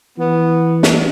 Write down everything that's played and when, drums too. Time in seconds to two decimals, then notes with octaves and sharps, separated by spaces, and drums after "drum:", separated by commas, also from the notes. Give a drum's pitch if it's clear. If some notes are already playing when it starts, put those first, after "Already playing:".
0.18 E3 B3
0.83 drum: snare